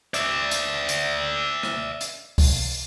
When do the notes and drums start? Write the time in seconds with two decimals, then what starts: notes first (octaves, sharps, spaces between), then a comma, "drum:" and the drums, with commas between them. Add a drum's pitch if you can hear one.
0.14 D5 E5, drum: hi-hat
0.51 drum: hi-hat
0.89 drum: hi-hat
1.63 drum: rim click
2.01 drum: hi-hat
2.38 drum: kick C2, open hi-hat